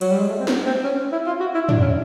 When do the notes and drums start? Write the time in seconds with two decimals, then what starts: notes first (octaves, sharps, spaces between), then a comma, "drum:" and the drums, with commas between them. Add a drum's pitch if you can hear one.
0.01 F#3, drum: cymbal
0.11 G3
0.20 G#3
0.29 A3
0.40 C4
0.47 B3, drum: snare
0.66 C4
0.84 C#4
1.12 E4
1.27 F4
1.40 F#4
1.55 E4
1.69 D4, drum: tom
1.82 C#4